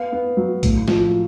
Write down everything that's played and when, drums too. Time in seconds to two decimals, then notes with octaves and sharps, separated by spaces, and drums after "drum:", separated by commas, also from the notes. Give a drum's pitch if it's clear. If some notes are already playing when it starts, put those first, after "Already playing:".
Already playing: B3 F5
0.12 B3
0.37 F#3
0.63 A2, drum: kick A#1, hi-hat
0.88 F3, drum: snare